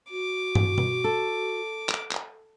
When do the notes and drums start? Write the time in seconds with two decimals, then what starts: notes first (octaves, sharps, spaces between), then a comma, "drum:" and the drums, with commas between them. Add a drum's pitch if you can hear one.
0.11 F#4 D6
0.55 drum: tom
0.78 drum: tom B2
1.04 A4
1.89 drum: clap
2.11 drum: clap